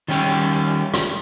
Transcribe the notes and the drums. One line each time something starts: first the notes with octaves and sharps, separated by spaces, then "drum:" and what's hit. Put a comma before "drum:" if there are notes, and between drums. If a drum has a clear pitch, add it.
D#3 G3 C#4 G4
drum: rim click